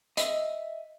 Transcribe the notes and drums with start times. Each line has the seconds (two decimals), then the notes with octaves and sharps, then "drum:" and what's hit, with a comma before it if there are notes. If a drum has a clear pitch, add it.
0.17 D#5 E5, drum: hi-hat